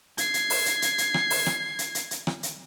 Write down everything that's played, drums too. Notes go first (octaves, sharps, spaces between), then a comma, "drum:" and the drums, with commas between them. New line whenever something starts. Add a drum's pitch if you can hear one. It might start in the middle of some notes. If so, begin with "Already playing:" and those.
G#6 C7, drum: hi-hat
drum: hi-hat
drum: open hi-hat
drum: hi-hat
drum: hi-hat
drum: hi-hat
drum: rim click
drum: open hi-hat
drum: rim click
drum: hi-hat
drum: hi-hat
drum: hi-hat
drum: rim click
drum: hi-hat